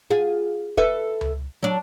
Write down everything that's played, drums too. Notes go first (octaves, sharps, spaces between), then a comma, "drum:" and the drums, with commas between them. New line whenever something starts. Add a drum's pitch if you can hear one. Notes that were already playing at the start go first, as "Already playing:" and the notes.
F4 G#4
A4 B4 E5, drum: kick
drum: tom C#2
F#3 D4